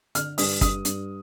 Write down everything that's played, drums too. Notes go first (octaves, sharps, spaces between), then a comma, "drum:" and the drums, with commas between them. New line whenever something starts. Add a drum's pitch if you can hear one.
D3 F6, drum: hi-hat
G2 D#6, drum: open hi-hat
G2 D#6, drum: kick G1, hi-hat
G2, drum: hi-hat